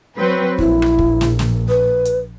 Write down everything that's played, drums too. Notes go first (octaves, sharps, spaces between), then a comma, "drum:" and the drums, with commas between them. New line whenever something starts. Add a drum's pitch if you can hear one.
F#3 C4 B4
A#1 E4, drum: kick
drum: rim click
drum: kick
drum: snare
drum: snare
B4
drum: hi-hat